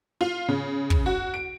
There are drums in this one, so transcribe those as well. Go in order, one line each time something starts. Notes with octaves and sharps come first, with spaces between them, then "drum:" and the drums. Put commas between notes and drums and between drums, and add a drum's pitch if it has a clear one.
F4
C#3
drum: kick
F#4
D7